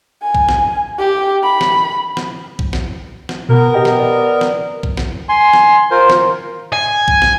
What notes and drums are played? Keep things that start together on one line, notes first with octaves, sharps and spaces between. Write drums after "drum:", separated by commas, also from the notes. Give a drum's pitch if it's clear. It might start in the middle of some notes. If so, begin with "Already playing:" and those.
G#5
drum: kick
drum: snare
G4
B5
drum: snare
drum: snare
drum: kick
drum: snare
drum: snare
B2 B3 A#4
G4 D#5 G5
drum: snare
D5
drum: snare
drum: kick
drum: snare
G#5 C6
drum: snare
F4 A#4 C5
drum: snare
G#5
drum: kick
drum: snare